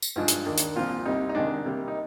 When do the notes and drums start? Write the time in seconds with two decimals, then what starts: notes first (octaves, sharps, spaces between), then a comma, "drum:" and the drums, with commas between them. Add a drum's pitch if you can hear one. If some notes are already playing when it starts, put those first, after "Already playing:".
0.02 drum: tambourine
0.16 G2 F3 G#3 D4
0.28 drum: hi-hat
0.46 D#2 D#3 A#3 D4
0.58 drum: hi-hat
0.75 C2 A#2 F3 C4 F4
1.05 C2 C3 G3 C4 D#4
1.29 D#4
1.35 C2 C3 D#3 G#3 D4
1.65 C3 G3 A#3
1.88 D#4